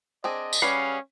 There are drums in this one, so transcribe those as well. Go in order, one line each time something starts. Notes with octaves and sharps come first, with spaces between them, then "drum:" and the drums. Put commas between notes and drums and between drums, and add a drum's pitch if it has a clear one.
C4 D4 G#4 D#5
drum: tambourine
G3 C#4 G#4 B4 D5 F5 F#5